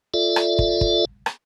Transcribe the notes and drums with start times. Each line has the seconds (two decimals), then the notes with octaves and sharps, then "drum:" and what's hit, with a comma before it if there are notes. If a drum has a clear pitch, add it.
0.14 F4 A4 D5 E5
0.36 drum: rim click
0.59 drum: kick
0.81 drum: kick
1.26 drum: rim click